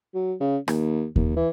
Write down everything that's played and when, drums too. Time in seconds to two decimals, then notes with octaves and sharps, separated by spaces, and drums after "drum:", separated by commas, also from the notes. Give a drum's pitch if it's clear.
0.14 F#3
0.40 C#3
0.68 D#2, drum: rim click
1.16 D#2, drum: kick D#2
1.36 E3